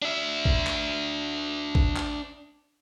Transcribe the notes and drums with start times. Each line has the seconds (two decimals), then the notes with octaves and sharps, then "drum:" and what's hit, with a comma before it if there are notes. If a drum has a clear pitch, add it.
0.02 D4 E5
0.45 drum: kick
0.67 drum: clap
1.75 drum: kick
1.97 drum: clap